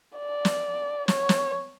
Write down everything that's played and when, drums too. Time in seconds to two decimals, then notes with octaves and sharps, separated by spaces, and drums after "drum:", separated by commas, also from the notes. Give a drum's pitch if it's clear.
0.17 D5
0.45 drum: snare
1.08 C#5, drum: snare
1.29 drum: snare